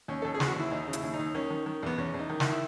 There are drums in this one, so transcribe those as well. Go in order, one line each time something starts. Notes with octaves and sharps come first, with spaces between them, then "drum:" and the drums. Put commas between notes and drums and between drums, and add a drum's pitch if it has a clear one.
D#2 C#4
D#2 A4
G#4
E3, drum: snare
F#4
D#2 E4
D#2 D#4
C#3
E4, drum: hi-hat
D#2
D#4
D#2
D#3 C#4
D#3
D#3
E2 B3
E2 C#4
E2
D#4
D#3
E4, drum: snare
D#3
E4